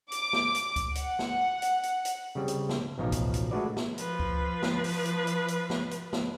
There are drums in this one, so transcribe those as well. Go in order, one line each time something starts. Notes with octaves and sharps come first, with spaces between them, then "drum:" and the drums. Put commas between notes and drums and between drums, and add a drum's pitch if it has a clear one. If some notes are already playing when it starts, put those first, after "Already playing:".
D6, drum: hi-hat
drum: snare
drum: hi-hat
drum: kick C#2, hi-hat
F#5, drum: hi-hat
drum: snare
drum: hi-hat
drum: hi-hat
drum: hi-hat
C#3 G3 C4
drum: hi-hat
drum: snare
A1 B2 F3 D#4 F5
drum: kick C#2, hi-hat
drum: hi-hat
G#3 A3 D4 F#4 B4 D5
drum: snare
F3 B4, drum: hi-hat
drum: kick C#2
drum: snare
drum: open hi-hat
drum: hi-hat
drum: hi-hat
drum: hi-hat
drum: snare
drum: hi-hat
drum: snare